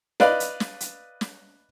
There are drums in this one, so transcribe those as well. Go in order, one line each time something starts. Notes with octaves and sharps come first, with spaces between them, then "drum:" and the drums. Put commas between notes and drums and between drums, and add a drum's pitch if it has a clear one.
B4 D5 D#5 F5 B5, drum: snare
drum: hi-hat
drum: snare
drum: hi-hat
drum: snare